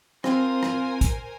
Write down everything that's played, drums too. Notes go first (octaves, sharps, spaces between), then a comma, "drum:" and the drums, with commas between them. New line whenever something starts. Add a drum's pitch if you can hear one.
C4 F4 A#4 C5 G#5, drum: rim click
drum: rim click
drum: kick, hi-hat